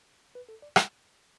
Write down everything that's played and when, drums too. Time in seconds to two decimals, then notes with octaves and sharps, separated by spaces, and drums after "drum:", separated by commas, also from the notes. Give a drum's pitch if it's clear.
0.35 B4
0.49 A4
0.62 D5
0.76 drum: rim click